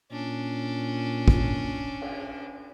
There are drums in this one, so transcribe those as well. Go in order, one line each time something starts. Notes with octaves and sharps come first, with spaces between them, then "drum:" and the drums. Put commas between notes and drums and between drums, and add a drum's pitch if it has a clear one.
A#2 C#4 D4
drum: kick
drum: cymbal